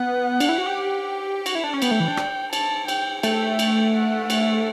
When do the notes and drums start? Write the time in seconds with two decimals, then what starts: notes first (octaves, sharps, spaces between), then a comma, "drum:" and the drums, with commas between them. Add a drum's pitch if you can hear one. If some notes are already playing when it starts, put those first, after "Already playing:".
Already playing: B3 F#5
0.40 D4, drum: cymbal
0.49 E4
0.58 F#4
0.66 G4
1.46 F#4, drum: cymbal
1.55 E4
1.64 D4
1.74 C#4
1.82 B3 G5, drum: cymbal
1.91 A3
2.00 E3
2.08 D4
2.17 drum: rim click
2.53 A5, drum: cymbal
2.88 G5, drum: cymbal
3.23 A3 G5, drum: cymbal
3.59 drum: cymbal
3.95 F#5
4.30 drum: cymbal